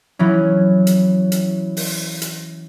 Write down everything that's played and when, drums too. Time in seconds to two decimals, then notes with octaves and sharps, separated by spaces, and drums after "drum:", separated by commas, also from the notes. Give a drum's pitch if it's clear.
0.19 E3 F#3 C#4
0.87 drum: hi-hat
1.32 drum: hi-hat
1.77 drum: open hi-hat
2.22 drum: hi-hat